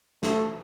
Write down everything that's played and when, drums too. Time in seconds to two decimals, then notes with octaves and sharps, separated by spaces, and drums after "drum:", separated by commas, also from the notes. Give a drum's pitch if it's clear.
0.23 A3, drum: snare